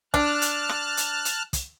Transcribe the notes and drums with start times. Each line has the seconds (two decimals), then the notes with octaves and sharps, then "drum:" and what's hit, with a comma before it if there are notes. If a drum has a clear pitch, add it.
0.14 D4 A5 F6 F#6, drum: kick
0.42 drum: hi-hat
0.69 drum: rim click
0.97 drum: hi-hat
1.25 drum: hi-hat
1.53 drum: kick, hi-hat